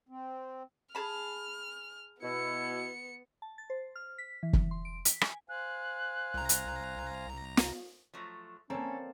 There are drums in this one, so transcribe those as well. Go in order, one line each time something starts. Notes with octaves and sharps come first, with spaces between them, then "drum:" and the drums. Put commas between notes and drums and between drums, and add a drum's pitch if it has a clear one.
C4
G#4 A5 B5 F6
B2 B3 E4 C#7
A5
A6
C5
F6
B6
E3
drum: kick
C6
D7
B6, drum: hi-hat
G#5, drum: rim click
C5 F5 G#5 F#6
C2 A#5
drum: hi-hat
drum: snare
F3 F#3 A3
A#3 C4 C#4 A4 C#5 D5 A#5